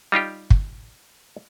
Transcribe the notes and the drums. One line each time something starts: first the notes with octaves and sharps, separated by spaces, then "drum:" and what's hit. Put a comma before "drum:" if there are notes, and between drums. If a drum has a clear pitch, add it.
G3 D#4 F4 G4
drum: kick